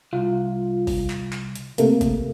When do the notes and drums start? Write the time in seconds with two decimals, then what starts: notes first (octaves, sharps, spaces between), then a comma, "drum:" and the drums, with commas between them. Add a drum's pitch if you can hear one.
0.13 C2 F4
0.87 drum: kick G1, open hi-hat
1.10 drum: clap
1.33 drum: clap
1.55 drum: hi-hat
1.78 C3 A3 A#3, drum: hi-hat
2.01 drum: kick G1, hi-hat